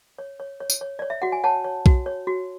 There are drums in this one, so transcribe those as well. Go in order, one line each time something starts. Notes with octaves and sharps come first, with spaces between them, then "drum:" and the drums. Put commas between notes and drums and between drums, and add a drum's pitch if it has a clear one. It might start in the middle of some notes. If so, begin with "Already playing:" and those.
C#5
C#5
C#5
drum: tambourine
C#5
C#5 D5
E5
F#4 F#5
G#5
C#5 F#5 A5
C#5
F#4, drum: kick B1
C#5
F#4